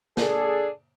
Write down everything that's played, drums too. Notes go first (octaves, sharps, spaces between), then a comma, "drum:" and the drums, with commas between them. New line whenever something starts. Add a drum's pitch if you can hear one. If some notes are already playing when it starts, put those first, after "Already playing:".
D4 G#4 A4, drum: snare